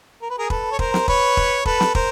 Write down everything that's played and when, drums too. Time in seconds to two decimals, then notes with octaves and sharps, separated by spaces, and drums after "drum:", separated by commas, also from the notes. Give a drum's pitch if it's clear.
0.22 A#4
0.30 B4
0.38 G#4 A#4
0.50 A4 B4, drum: kick
0.72 C#5
0.79 A#4 C5, drum: kick
0.94 drum: snare
1.08 B4 C#5, drum: kick
1.37 drum: kick
1.65 A4 B4, drum: kick
1.80 drum: snare
1.95 A#4 C5, drum: kick